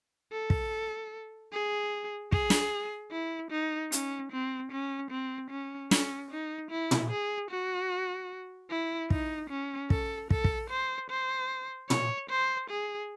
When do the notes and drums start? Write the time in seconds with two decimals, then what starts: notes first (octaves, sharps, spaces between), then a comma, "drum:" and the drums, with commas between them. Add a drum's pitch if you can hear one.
0.32 A4
0.50 drum: kick
1.53 G#4
2.32 G#4, drum: kick
2.50 drum: snare
3.12 E4
3.51 D#4
3.92 C#4, drum: hi-hat
4.32 C4
4.72 C#4
5.11 C4
5.51 C#4
5.91 C#4, drum: snare
6.31 D#4
6.71 E4
6.91 drum: tom
7.10 G#4
7.51 F#4
8.70 E4
9.10 D#4, drum: kick
9.50 C#4
9.90 A4, drum: kick
10.30 A4, drum: kick
10.44 drum: kick
10.70 C5
11.10 C5
11.90 C#5, drum: tom
12.30 C5
12.70 G#4